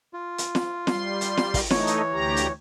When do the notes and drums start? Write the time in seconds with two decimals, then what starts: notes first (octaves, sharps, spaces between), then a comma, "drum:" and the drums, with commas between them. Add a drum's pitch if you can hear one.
0.13 F4
0.38 drum: hi-hat
0.55 drum: snare
0.87 G3 C6, drum: snare
1.21 drum: hi-hat
1.37 drum: snare
1.54 drum: kick, open hi-hat
1.70 E3 A3 D#4 C#5, drum: snare
1.87 drum: hi-hat
2.12 D2 G4 A#5
2.37 drum: hi-hat